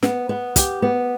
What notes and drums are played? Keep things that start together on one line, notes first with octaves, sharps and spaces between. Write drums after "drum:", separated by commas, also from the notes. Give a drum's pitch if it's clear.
B3, drum: snare
B3
G4, drum: kick, hi-hat
B3